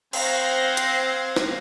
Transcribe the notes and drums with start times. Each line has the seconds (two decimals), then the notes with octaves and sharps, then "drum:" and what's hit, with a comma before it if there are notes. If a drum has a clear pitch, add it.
0.13 C4 C5 F5 F#5 G#6 A#6, drum: cymbal
0.77 drum: hi-hat
1.36 drum: snare